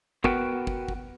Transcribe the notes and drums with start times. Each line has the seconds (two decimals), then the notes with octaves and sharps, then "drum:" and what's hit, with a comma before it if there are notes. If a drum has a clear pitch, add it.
0.24 B3 F#4 A#4 B4 F#5 G5, drum: kick
0.67 drum: kick
0.88 drum: kick